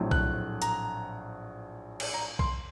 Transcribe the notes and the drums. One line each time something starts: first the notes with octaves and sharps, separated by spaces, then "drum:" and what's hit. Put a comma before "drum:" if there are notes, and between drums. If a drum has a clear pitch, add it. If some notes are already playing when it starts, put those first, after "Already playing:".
Already playing: A#1 A2 F#3 A3 C4
F#6, drum: kick B1
A#5, drum: hi-hat
drum: cymbal
A#5
C6, drum: kick B1